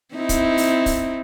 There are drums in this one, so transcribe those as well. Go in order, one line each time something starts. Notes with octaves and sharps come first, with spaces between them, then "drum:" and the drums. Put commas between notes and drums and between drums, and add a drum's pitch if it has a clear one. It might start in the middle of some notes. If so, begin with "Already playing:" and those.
C4 D#4 E4
drum: kick, hi-hat
drum: open hi-hat
drum: kick, open hi-hat